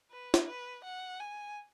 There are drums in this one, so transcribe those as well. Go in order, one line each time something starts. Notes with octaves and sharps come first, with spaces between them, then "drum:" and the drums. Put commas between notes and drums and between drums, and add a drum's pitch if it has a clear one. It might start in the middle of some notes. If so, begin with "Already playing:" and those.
B4
drum: snare
B4
F#5
G#5